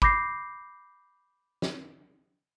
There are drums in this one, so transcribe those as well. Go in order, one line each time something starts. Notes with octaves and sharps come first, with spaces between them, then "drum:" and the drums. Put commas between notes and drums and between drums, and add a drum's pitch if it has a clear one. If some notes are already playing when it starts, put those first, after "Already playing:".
B5 D6 G6 A#6 C7, drum: kick
drum: snare